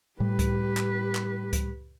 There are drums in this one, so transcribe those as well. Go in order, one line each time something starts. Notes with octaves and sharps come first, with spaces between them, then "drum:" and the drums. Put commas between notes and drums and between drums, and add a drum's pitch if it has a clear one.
A2 G3 G4 B4
drum: kick C#2, hi-hat
drum: clap
drum: clap
drum: kick C#2, hi-hat